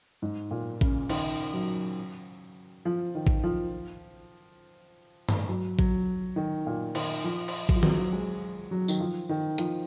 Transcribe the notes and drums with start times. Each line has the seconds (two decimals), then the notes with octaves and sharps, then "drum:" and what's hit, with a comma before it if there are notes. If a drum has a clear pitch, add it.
0.22 G#2
0.51 A#2
0.81 C#3, drum: kick A1
1.09 D#3, drum: cymbal
1.53 F#3
2.85 F3
3.15 D#3
3.27 drum: kick A1
3.43 F3
5.29 drum: tom
5.49 F#3
5.79 F#3, drum: kick A1
6.36 D#3
6.67 A#2
6.95 D#3, drum: cymbal
7.24 F3
7.48 drum: cymbal
7.69 F#3, drum: kick A1
7.75 F3
7.83 F#3, drum: tom
8.13 G#3
8.71 F#3
8.88 D#3, drum: tambourine
9.00 F3
9.29 D#3
9.58 F3, drum: hi-hat